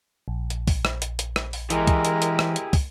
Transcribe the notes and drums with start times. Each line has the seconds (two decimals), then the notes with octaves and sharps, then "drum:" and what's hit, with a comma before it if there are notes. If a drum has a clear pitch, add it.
0.28 A#1
0.50 drum: hi-hat
0.67 drum: kick, open hi-hat
0.85 drum: rim click
1.02 drum: hi-hat
1.19 drum: hi-hat
1.36 drum: rim click
1.53 drum: open hi-hat
1.70 E3 G#3 E4 G4 G#4 A#4, drum: hi-hat
1.87 drum: kick, hi-hat
2.05 drum: hi-hat
2.22 drum: hi-hat
2.39 drum: rim click
2.56 drum: hi-hat
2.73 drum: kick, open hi-hat